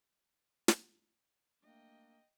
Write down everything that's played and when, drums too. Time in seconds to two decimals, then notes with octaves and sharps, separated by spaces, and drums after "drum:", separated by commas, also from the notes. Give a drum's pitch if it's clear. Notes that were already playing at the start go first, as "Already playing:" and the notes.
0.68 drum: snare
1.63 A3 A#3 D4 D#5 G5